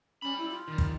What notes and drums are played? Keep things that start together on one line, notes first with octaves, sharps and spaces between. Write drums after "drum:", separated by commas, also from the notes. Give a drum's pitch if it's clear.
G3 C#4 B5
E4
F4
D#3 G3
drum: kick